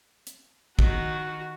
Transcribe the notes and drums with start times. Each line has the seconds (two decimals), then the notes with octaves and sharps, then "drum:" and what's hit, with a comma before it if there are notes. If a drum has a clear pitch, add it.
0.27 drum: hi-hat
0.79 D#3 F#4, drum: kick